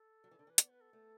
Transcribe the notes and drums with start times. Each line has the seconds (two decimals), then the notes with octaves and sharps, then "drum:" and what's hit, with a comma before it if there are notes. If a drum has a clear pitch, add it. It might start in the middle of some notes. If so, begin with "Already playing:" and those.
Already playing: A4
0.24 F#3
0.31 E3
0.39 D3
0.47 E3 B4
0.58 B3 D5, drum: hi-hat
0.69 B4
0.81 A4
0.93 A3